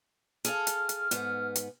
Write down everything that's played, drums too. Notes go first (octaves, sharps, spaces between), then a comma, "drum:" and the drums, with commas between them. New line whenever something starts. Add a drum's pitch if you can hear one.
G#4 A4 F5 F6, drum: hi-hat
drum: hi-hat
drum: hi-hat
G#2 B3, drum: hi-hat
drum: hi-hat